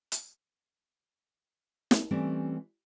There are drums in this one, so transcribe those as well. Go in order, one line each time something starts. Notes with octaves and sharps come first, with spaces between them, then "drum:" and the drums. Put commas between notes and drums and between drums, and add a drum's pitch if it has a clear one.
drum: hi-hat
drum: snare
E3 G3 A3 C4 C#4